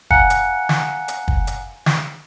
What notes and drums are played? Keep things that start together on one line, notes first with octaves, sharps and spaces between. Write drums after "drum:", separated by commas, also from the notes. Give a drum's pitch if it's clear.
F5 F#5 G#5 A#5 F#6 C#7, drum: kick
drum: hi-hat
drum: snare
drum: hi-hat
drum: kick
drum: hi-hat
drum: snare